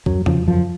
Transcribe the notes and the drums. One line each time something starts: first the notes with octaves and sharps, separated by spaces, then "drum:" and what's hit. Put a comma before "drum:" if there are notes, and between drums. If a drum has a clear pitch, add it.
F#2 F#3, drum: kick
C#3 F3, drum: tom E2
F#2 F3